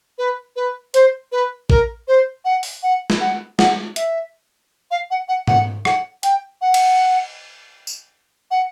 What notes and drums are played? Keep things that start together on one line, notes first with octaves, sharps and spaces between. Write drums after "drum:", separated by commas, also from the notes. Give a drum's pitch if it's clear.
B4
B4
C5, drum: hi-hat
B4
A#4, drum: kick
C5
F#5
drum: open hi-hat
F#5
drum: snare
F#5
F#5, drum: snare
E5, drum: hi-hat
F5
F#5
F#5
F#5, drum: tom G#2
F#5, drum: rim click
G5, drum: hi-hat
F#5
drum: cymbal
drum: tambourine
F#5